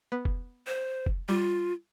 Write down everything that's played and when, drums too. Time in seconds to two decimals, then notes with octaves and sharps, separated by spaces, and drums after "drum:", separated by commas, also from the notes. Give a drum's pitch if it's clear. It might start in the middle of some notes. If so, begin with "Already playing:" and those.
0.12 B3
0.25 drum: kick
0.67 C5
1.06 drum: kick
1.29 G3 F4